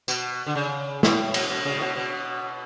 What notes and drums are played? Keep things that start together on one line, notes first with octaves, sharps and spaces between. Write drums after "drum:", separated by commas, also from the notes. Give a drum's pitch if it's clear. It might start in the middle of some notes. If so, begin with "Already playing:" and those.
B2, drum: tambourine
D3
C#3
A2, drum: snare
B2, drum: cymbal
B2
C#3
A2
B2
B2